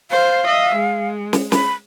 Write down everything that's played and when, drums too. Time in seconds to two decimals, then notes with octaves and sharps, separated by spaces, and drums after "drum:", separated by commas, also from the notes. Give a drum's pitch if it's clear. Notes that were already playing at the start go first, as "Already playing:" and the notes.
0.11 C5 F5
0.45 D#5 E5
0.75 G#3
1.33 drum: snare
1.52 B5, drum: snare